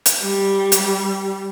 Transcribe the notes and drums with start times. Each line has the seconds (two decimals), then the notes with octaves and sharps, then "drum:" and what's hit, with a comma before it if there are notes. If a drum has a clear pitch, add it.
0.06 drum: hi-hat
0.23 G3
0.72 drum: hi-hat